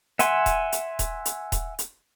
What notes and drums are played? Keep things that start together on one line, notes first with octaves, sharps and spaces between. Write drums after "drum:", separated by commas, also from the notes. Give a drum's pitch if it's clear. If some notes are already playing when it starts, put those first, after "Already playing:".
E5 F#5 G#5 C6, drum: hi-hat
drum: kick D#1, hi-hat
drum: hi-hat
drum: kick D#1, hi-hat
drum: hi-hat
drum: kick D#1, hi-hat
drum: hi-hat